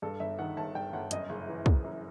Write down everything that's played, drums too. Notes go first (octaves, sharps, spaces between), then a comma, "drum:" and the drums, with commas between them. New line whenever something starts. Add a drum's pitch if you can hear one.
G2 A4
G1 E5
D#3 F#5
G1 A5
G2 G5
G1 F#5
F#2 D#5, drum: hi-hat
F#1
E3
F#1, drum: kick
F#2